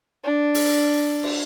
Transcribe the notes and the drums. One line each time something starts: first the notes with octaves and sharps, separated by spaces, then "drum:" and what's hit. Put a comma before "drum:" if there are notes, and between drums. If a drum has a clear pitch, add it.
D4
drum: open hi-hat
drum: cymbal